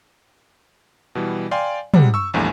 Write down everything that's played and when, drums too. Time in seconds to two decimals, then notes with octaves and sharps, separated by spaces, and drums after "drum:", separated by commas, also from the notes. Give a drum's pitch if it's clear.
1.15 B2 E3 G3
1.51 D5 F5 G5 G#5 C6
1.94 C3 G3 G#3 F#5, drum: tom
2.14 C#6 E6
2.34 A#1 E2 G2 A3 G#5